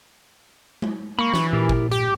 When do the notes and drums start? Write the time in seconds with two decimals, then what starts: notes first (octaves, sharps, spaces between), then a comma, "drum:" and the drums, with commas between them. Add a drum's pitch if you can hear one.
0.82 drum: tom G#3
1.19 A#3 B5 C#6
1.33 E3, drum: snare
1.53 A#2 E4 G4 A#4
1.69 drum: kick
1.91 G4 D6, drum: hi-hat